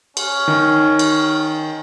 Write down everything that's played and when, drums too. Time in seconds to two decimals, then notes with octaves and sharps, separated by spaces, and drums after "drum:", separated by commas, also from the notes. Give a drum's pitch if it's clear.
0.17 C#4, drum: cymbal
0.48 D#3
0.99 drum: cymbal